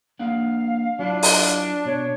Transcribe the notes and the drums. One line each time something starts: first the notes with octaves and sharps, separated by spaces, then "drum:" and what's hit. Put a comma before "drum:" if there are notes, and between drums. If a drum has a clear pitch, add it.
A#3 D4 F5 F#5
F#3 D4 E4 F4
drum: open hi-hat
B2 C#5